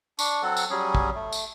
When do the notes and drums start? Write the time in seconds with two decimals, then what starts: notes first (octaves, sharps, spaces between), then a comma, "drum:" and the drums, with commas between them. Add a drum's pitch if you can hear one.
0.19 D4 C#6, drum: tambourine
0.43 F#3 C4 A4 F#5
0.57 drum: tambourine
0.70 F#3 G3 C#4 G#4
0.95 drum: kick
1.15 A3
1.32 drum: tambourine